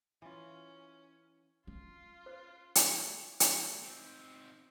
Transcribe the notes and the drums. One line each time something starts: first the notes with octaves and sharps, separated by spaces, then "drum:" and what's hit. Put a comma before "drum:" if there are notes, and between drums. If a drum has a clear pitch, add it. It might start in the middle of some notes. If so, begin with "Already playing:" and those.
E3 C#4 F4
C#4 F4
C5
drum: hi-hat
drum: hi-hat
C4 D#4